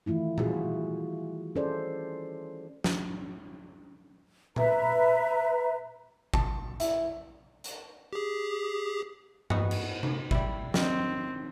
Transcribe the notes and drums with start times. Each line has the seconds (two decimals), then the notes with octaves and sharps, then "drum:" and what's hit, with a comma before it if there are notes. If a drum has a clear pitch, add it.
0.06 D#3 E3 A3 E4 F4
0.38 G3 F4 F#4 G#4, drum: tom A#2
1.56 C#4 G#4 A4 C5 D5
2.84 drum: snare
4.56 B4 E5 A#5, drum: tom A#2
6.34 A5, drum: kick G1
6.80 E4, drum: hi-hat
7.64 drum: hi-hat
8.13 G4 G#4
9.50 B3 D#4 F#4, drum: tom G2
9.71 drum: cymbal
10.03 drum: tom C3
10.31 G3 E4, drum: kick G1
10.74 D#3 C4, drum: snare